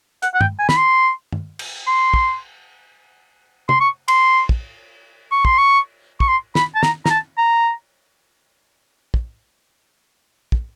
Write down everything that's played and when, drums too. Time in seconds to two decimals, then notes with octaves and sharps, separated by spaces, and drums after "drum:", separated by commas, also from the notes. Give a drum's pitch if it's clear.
0.23 F#5, drum: hi-hat
0.34 F#5
0.41 G5, drum: tom
0.59 G#5
0.69 B5, drum: snare
0.77 C6
1.32 drum: tom G2
1.59 drum: cymbal
1.87 C6
2.14 drum: kick
3.69 C6, drum: tom
3.80 C#6
4.08 C6, drum: cymbal
4.49 drum: kick
5.32 C#6
5.45 C6, drum: kick
5.58 C#6
6.20 C#6, drum: kick
6.28 C6
6.55 B5, drum: snare
6.75 A5
6.83 A#5, drum: snare
7.06 A#5, drum: snare
7.10 A5
7.38 A#5
9.14 drum: kick
10.52 drum: kick